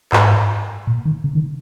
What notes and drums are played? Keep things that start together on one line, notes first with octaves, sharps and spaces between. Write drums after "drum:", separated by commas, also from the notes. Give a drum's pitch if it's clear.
G#2, drum: clap
A#2
D#3
C#3
D#3